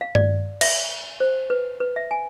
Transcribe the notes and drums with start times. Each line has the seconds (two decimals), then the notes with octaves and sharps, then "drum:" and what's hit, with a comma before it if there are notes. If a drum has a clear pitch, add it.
0.01 F5
0.15 D5, drum: tom G2
0.61 E5, drum: cymbal
1.20 C5
1.50 B4
1.80 B4
1.96 E5
2.11 G#5